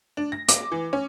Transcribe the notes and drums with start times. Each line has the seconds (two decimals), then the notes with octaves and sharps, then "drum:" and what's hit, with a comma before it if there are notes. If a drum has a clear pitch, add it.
0.17 D4
0.32 A#6
0.48 D6, drum: hi-hat
0.72 E3
0.93 C#4